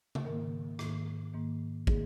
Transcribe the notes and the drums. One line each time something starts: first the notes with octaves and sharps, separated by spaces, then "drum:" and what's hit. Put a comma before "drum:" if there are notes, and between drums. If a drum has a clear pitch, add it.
drum: tom C#3
G#2 D#3 A#3 A#4
G#2 D#3 A#3, drum: rim click
G#2 D#3 A#3
D#3 A#3 G#4, drum: kick